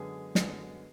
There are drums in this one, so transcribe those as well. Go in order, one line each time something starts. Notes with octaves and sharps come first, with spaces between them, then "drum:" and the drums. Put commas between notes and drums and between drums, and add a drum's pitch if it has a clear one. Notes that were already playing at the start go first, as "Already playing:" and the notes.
Already playing: F#2 D3 G#3 B3 G#4
F#2 D3 G#3 B3, drum: snare